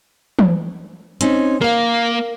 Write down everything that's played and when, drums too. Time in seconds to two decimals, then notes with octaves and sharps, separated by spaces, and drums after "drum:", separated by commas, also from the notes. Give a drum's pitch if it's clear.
0.39 drum: tom E3
1.21 C4 C#4 D#4, drum: hi-hat
1.61 A#3 A#4 F5